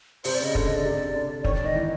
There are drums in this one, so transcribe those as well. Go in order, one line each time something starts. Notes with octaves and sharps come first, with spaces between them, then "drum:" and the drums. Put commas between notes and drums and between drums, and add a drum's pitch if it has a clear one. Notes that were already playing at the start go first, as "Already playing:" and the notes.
C3 C5, drum: open hi-hat
D5
C#3
D#5
D3, drum: kick
D#5
D5
C3
D3
D#3 C#5, drum: kick
D5
D#3 D#5
E3